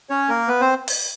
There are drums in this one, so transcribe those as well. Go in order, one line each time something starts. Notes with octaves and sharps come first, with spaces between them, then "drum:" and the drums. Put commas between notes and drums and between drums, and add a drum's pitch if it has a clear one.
C#4 C#5
A#3 A#4
B3 B4
C4 C5
drum: open hi-hat